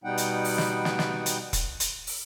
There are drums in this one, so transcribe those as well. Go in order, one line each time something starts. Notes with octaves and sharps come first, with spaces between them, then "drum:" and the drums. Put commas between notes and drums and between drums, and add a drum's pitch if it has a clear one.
B2 G3 B3 D#4 F#5 G5
drum: hi-hat
drum: open hi-hat
drum: snare
drum: snare
drum: snare
drum: hi-hat
drum: kick E1, hi-hat
drum: hi-hat
drum: open hi-hat